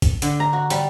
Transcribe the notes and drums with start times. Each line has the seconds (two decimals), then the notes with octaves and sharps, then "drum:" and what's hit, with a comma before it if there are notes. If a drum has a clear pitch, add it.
0.02 drum: kick, hi-hat
0.22 D3, drum: hi-hat
0.40 A#5
0.53 F#4
0.70 G3, drum: hi-hat